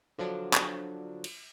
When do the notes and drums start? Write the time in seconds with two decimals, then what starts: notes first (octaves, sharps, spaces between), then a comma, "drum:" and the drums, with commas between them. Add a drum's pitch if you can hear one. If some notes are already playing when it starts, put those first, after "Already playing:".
0.18 D3 F3 F#3 D4
0.54 drum: clap
1.24 drum: cymbal